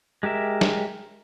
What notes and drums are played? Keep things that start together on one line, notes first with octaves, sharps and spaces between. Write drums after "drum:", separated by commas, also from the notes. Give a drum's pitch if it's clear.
G#3 G4 A#4 E5
drum: snare